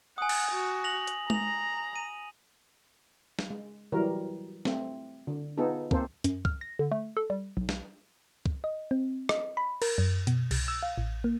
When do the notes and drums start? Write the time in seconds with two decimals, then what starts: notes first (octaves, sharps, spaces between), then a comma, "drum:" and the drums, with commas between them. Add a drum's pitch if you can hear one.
0.18 F#5 G#5 D#6
0.29 drum: cymbal
0.51 F#4
0.84 A#6 F7 F#7
1.07 drum: hi-hat
1.30 A#5 F7, drum: tom G#3
1.96 D#7
3.39 drum: snare
3.50 G#3
3.92 E3 F#3 G3 A#4
4.65 A3 C4, drum: snare
5.27 D3
5.58 B3 D#4 F4 G#4 A4
5.91 A#3 C4 A4 C5, drum: kick
6.24 F#2, drum: hi-hat
6.45 F6, drum: kick
6.61 A#6
6.79 D3
6.91 A3
7.17 A4
7.30 G3
7.57 B1
7.69 drum: snare
8.46 drum: kick
8.64 D#5
8.91 C4
9.29 D#5, drum: rim click
9.57 B5
9.82 A#4, drum: cymbal
9.98 F#2
10.27 B2, drum: hi-hat
10.51 C2, drum: cymbal
10.68 E6
10.83 F5
10.98 A1
11.24 A#3